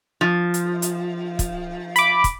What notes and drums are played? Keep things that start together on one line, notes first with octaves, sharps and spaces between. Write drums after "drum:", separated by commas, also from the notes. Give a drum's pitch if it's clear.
F3
drum: hi-hat
drum: hi-hat
drum: kick, hi-hat
B5 D6, drum: hi-hat
drum: kick, hi-hat